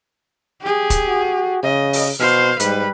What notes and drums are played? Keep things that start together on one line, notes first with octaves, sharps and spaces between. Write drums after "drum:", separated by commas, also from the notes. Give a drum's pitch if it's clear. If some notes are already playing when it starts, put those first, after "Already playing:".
G4 G#4
drum: kick, hi-hat
F#4
C#3 D#5
drum: open hi-hat
B2 C5 F5
G#2 G3 B4, drum: hi-hat